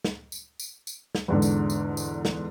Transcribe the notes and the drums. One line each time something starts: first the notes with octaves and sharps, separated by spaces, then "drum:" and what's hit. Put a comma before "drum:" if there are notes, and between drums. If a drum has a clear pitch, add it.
drum: snare
drum: tambourine
drum: tambourine
drum: tambourine
drum: snare
E2 G#2 D3
drum: tambourine
drum: tambourine
drum: tambourine
drum: snare